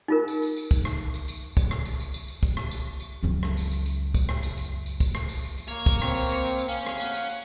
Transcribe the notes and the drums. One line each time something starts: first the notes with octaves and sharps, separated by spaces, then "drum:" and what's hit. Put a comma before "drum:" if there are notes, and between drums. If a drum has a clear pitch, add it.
D#4 F4 A#4
drum: tambourine
drum: tambourine
drum: tambourine
drum: kick, tambourine
drum: rim click
drum: tambourine
drum: tambourine
drum: kick, tambourine
drum: rim click
drum: tambourine
drum: tambourine
drum: tambourine
drum: tambourine
drum: kick, tambourine
drum: rim click
drum: tambourine
drum: tambourine
C#2 F#2
drum: rim click
drum: tambourine
drum: tambourine
drum: tambourine
drum: kick, tambourine
drum: rim click
drum: tambourine
drum: tambourine
drum: tambourine
drum: kick, tambourine
drum: rim click
drum: tambourine
drum: tambourine
drum: tambourine
A#3 C#5
drum: kick, tambourine
C4, drum: rim click
drum: tambourine
drum: tambourine
drum: tambourine
drum: tambourine
C#4 F5
drum: rim click
F#5, drum: tambourine
drum: tambourine
drum: tambourine